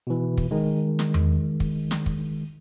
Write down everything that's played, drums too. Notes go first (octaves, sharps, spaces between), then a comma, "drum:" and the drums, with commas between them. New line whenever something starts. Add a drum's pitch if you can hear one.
B2 E3
drum: kick
D#3 G#3
drum: snare
drum: tom E2
drum: kick
drum: snare
drum: kick